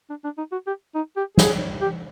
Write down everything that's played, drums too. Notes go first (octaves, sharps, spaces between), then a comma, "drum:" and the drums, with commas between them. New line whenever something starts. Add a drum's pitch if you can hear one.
D4
D4
D#4
F#4
G4
D#4
G4
G#4, drum: snare
G4